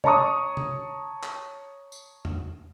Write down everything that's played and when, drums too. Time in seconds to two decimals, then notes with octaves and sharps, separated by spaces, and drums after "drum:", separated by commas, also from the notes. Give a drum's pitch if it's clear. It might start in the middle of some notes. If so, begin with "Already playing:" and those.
0.04 C#5 A5 A#5 C#6 D#6, drum: tom
0.57 drum: tom
1.23 drum: clap
1.92 drum: tambourine
2.25 drum: tom E2